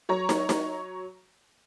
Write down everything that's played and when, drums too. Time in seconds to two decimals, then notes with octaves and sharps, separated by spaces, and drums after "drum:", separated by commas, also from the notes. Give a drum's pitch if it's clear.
0.09 F#3 C#5 A#5
0.29 drum: snare
0.49 drum: snare